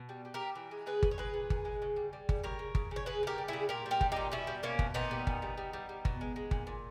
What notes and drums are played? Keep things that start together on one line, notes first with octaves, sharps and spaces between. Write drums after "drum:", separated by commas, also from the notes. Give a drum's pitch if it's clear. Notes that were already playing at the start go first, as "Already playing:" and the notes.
Already playing: B2
G3
G3
G4 A#4
G3
E3
G#3
C#3 G#4 B4
C#3, drum: kick G1
C#5
G#3 G#4 B4
A#2
A#2, drum: kick G1
G#3
C#3
G3
G3
C#3, drum: kick G1
G3 A#4 C#5
C#3
C#3, drum: kick G1
C#3
C#5
C#3 G#4 B4
C#3 G4 A#4
G3
C#3 E4 G#4
A#2 G4 A#4
G3
G4 A#4
G3, drum: kick G1
A#2 D#4 G4
B2 C#4 E4
G3
B2 A#3 C#4
B2, drum: kick G1
A#2 B3 D#4
G3
A#2, drum: kick G1
G3
G3
G3
G3
B2, drum: kick G1
G#3
G#3
A#2, drum: kick G1
A#2